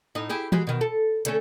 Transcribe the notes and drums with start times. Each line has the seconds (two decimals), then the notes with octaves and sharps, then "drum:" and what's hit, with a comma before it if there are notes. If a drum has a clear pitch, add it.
0.15 A2 D#4
0.29 E4 G4 G#4
0.52 G#3 F#4 G4, drum: tom E3
0.67 B2 D#3
0.81 A4
1.25 D3 A3 C#4, drum: hi-hat